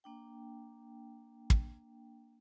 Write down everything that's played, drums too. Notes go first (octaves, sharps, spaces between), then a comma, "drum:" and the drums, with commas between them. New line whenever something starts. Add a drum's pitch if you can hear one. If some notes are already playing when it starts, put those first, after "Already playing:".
A#3 D4 G5
drum: kick